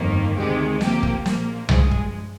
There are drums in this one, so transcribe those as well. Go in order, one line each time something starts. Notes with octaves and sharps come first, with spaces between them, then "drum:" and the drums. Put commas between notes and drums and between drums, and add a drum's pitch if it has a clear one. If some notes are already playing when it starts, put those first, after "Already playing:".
Already playing: G1 F2 D#3 A#3
D2 C3 D#3 G#3 G4
D2 C3 F3 A#3 G4, drum: snare
drum: kick
A#1 A#2 F3 A#3, drum: snare
G2 F3 G#3 G#4, drum: tom C2
drum: kick